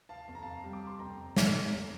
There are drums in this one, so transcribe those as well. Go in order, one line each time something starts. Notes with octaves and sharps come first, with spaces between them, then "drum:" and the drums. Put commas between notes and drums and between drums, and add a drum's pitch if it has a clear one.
F5 A5
F2 A5
A#5
F5 A5
G3
D6
C6
F2 G5 A#5
G3, drum: snare
F2